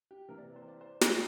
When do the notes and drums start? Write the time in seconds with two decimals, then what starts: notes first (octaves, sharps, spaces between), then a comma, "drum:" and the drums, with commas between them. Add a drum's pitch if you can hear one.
0.11 G4
0.28 C3 E3 A#3 A#4
0.38 D5
0.56 C5
0.68 D5
0.81 C5
1.01 A#5, drum: snare